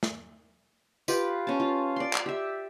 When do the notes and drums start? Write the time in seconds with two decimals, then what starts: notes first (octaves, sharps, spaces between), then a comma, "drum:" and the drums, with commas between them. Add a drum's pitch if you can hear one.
0.03 drum: snare
1.08 F4 G4 B4, drum: tambourine
1.47 C#4 A5
1.60 F4
1.96 D5 C6
2.13 drum: clap
2.26 G4 E5